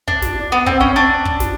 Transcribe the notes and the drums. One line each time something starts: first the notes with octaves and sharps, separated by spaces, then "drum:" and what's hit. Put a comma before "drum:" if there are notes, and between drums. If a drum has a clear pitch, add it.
D4, drum: kick
drum: snare
B3
C4, drum: kick
C#4
D4
drum: kick
drum: snare